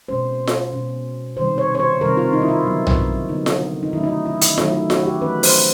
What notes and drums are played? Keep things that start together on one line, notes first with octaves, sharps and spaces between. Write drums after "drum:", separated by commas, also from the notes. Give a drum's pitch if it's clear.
B2 G#3 C#4 C5
drum: snare F4
B2 G#3 C#4
C3 D#3 G3 C5
C#5
C#5
C5
C3 D#3 G3 A#4
F4
D#4
E4
F4
D3 F#3 B3 D#4
drum: tom B1
D3 F#3 B3 D#4
drum: snare F4
D#4
D#3 F#3 A3 C#4 E4
D#4
E4
E4
E4, drum: hi-hat
D#3 F#3 A3 C#4 E4, drum: snare F4
E4
F#4, drum: snare F4
G4
E3 A3 C#4 B4
C5, drum: open hi-hat